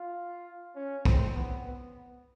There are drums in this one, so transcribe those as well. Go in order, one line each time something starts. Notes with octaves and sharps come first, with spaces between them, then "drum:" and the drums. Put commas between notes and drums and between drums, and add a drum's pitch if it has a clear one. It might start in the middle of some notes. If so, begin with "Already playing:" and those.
Already playing: F4
C#4
C4, drum: kick
B3
B3